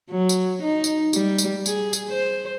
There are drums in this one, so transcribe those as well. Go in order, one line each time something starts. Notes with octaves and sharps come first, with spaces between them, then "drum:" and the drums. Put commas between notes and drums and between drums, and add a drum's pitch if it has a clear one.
F#3
drum: tambourine
D#4
drum: tambourine
G3, drum: tambourine
drum: tambourine
G#4, drum: tambourine
drum: tambourine
C5